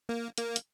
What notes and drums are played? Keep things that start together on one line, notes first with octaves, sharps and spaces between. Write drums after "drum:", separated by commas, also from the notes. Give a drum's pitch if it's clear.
A#3
A#3, drum: hi-hat
drum: hi-hat